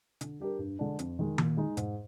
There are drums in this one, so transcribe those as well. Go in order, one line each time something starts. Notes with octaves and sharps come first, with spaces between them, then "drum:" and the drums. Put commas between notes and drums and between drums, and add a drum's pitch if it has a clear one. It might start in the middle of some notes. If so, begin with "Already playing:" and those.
D3, drum: hi-hat
G3 D4 G4 A#4
G2
D3 G#3 D4
F2, drum: hi-hat
D#3 G#3
A#2, drum: tom D#3
G#3 D#4
G#2, drum: hi-hat